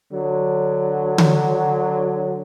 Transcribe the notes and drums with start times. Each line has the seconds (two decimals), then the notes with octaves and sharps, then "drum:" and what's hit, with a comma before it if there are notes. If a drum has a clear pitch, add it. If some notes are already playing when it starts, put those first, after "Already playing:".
0.12 D3 F#3
1.18 drum: tom D3